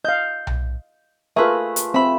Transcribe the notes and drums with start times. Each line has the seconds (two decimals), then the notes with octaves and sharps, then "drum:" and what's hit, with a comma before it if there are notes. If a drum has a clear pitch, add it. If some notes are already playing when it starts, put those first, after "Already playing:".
0.05 D#5 F5 G6
0.47 drum: tom B1
1.36 A3 F4 G#4 A#4 B4 E5
1.76 drum: hi-hat
1.94 C4 E5 B5